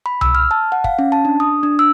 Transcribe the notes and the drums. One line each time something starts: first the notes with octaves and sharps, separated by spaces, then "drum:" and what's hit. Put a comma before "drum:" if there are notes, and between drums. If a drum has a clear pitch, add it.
B5
E6, drum: tom C2
F6
A5
F#5
F5, drum: kick
C#4
A5
D4
D#6
D4
E6